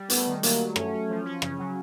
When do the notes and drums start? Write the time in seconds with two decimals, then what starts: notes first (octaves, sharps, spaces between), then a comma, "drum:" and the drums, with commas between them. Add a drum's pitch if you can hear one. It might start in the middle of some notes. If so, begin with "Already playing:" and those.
Already playing: G3
0.10 A3 B3, drum: hi-hat
0.27 D#3
0.43 F#3 A#3, drum: hi-hat
0.60 F#3
0.76 A3 C#4, drum: rim click
0.93 C#4
1.10 F3
1.26 C#4
1.42 C#3, drum: rim click
1.58 F#3